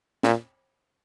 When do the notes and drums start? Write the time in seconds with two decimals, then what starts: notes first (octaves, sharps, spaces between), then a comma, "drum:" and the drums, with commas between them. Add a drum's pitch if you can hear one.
0.23 A#2, drum: snare